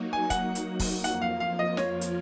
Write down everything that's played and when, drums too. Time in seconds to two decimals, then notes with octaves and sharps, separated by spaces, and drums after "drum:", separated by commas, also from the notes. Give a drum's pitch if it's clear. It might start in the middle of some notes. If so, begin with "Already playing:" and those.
Already playing: F#3 A#3 D#4 F#4
0.13 G#5
0.30 F#5, drum: kick, hi-hat
0.55 drum: hi-hat
0.80 drum: kick, open hi-hat
1.04 F2 F3 A#3 F4 F#5, drum: hi-hat
1.22 F5
1.40 F5
1.59 D#5
1.77 C#5, drum: snare
2.01 drum: hi-hat